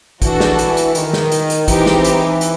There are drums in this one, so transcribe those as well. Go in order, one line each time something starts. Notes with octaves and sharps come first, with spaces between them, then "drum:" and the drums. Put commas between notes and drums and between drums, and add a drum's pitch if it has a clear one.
E3 D4 F#4 A4, drum: kick, hi-hat
drum: snare
drum: hi-hat
drum: hi-hat
D#3, drum: hi-hat
drum: snare
drum: hi-hat
drum: hi-hat
E3 C4 D#4 G4, drum: kick, hi-hat
drum: snare
drum: hi-hat
drum: hi-hat